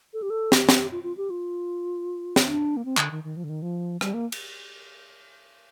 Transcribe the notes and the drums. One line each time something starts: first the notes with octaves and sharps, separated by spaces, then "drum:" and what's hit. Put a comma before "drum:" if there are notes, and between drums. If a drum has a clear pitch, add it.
A4
G4
A4
G4, drum: snare
drum: snare
F4
F4
G4
F4
drum: snare
D4
A#3
C4
D3, drum: clap
D#3
D#3
F3
D3
D#3
F3
G3, drum: rim click
A#3
drum: cymbal